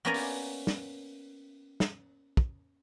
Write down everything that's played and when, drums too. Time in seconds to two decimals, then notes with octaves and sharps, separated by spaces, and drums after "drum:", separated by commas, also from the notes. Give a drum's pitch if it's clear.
0.05 A#3 B3 C#4 D5 G#5 A#5
0.14 drum: open hi-hat
0.67 drum: snare
1.80 drum: snare
2.37 drum: kick